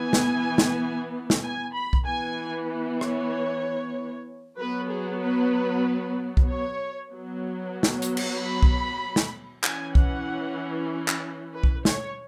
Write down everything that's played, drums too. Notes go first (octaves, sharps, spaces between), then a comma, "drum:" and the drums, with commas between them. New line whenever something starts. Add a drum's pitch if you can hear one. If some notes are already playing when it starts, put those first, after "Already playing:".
Already playing: E3 B3 G#5
drum: snare
drum: snare
drum: snare
G#5
B5
drum: kick B1
E3 B3 G#5
C#5, drum: rim click
F#3 B3 B4
G#4
B4
drum: kick B1
C#5
F#3 B3
drum: snare
drum: hi-hat
drum: cymbal
B5
drum: kick B1
drum: snare
E3 C#4 G#5, drum: clap
F#5, drum: kick B1
drum: clap
B4
drum: kick B1
C#5, drum: snare